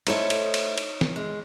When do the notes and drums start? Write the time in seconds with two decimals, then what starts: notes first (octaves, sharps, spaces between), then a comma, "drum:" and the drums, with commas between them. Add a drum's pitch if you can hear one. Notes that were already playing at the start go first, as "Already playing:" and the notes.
0.07 A3 D#4 E4 A4 C5 C#5, drum: cymbal
0.30 drum: cymbal
0.54 drum: cymbal
0.78 drum: cymbal
1.01 drum: snare
1.16 G#3